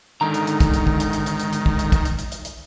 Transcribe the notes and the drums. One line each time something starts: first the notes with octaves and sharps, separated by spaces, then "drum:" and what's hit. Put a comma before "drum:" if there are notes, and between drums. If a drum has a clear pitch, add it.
G#2 D3 D#3 A#5
drum: hi-hat
drum: hi-hat
drum: kick, hi-hat
drum: hi-hat
drum: kick
drum: hi-hat
drum: hi-hat
drum: hi-hat
drum: hi-hat
drum: hi-hat
drum: kick
drum: hi-hat
drum: kick, hi-hat
drum: hi-hat
drum: hi-hat
drum: hi-hat
drum: hi-hat